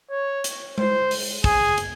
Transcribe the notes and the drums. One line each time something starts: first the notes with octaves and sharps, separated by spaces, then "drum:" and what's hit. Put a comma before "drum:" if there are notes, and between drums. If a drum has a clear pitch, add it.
C#5
drum: hi-hat
C5, drum: tom G#3
drum: open hi-hat
G#4, drum: kick
drum: hi-hat